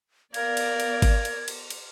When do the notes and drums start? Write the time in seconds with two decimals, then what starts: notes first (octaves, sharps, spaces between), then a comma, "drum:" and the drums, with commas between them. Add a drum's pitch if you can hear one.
0.34 B3 A#4 D5 F5 G#6, drum: cymbal
0.57 drum: cymbal
0.80 drum: cymbal
1.02 drum: kick G#1, cymbal
1.25 drum: cymbal
1.48 drum: cymbal
1.70 drum: cymbal